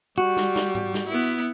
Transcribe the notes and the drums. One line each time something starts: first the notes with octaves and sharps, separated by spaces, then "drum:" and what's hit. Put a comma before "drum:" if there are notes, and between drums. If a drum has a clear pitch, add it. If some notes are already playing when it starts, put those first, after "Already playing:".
G3 F#4
drum: snare
drum: snare
drum: tom G#2
drum: snare
B3 E4